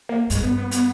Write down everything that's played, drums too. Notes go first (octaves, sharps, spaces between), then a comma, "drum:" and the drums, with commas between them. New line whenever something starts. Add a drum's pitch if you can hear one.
A#3
G2 G#3, drum: hi-hat
B3
B3
B3, drum: hi-hat